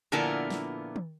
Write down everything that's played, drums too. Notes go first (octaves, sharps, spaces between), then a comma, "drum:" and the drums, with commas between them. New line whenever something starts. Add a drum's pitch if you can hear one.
A#2 D3 F3 B3 E4 A#4
drum: snare
drum: tom D#3